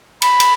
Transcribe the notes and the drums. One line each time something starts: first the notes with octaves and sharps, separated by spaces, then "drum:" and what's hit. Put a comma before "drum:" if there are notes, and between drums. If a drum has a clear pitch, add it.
B5, drum: cymbal
drum: cymbal